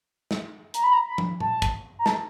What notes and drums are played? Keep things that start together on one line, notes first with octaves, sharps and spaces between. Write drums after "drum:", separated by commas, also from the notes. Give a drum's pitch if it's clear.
drum: snare
A#5, drum: hi-hat
B5
A#5
B5
drum: tom
A5, drum: tom A#2
drum: kick, hi-hat
A#5
A5, drum: snare